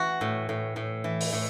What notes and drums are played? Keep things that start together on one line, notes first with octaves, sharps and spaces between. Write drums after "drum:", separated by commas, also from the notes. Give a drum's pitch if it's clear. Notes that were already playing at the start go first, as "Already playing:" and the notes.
Already playing: E3 F#4
A2
A2
A2
E3
drum: open hi-hat
A2